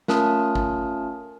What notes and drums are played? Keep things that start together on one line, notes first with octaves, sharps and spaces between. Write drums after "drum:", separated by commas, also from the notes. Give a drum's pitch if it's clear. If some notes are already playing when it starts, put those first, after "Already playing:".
A3 C#4 F4 A#4 A5 D#6, drum: snare
drum: kick